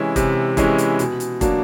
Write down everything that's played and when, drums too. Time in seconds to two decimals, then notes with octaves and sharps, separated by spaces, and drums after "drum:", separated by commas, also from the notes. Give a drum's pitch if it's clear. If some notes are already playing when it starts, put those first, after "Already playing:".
Already playing: C3 E3 G#3 C#4 E4
0.16 C3, drum: kick, hi-hat
0.57 E3 G#3 C#4 E4, drum: kick, hi-hat
0.78 drum: hi-hat
0.99 B2, drum: hi-hat
1.20 drum: hi-hat
1.41 F#3 A#3 D4, drum: kick, hi-hat